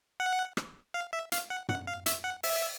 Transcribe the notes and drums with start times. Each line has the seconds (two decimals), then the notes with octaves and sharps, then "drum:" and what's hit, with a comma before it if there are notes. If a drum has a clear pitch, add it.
0.20 F#5
0.57 drum: rim click
0.94 F5
1.13 E5
1.32 F5, drum: hi-hat
1.50 F#5
1.69 F#5, drum: tom
1.87 F5
2.06 E5, drum: hi-hat
2.24 F#5
2.43 E5, drum: open hi-hat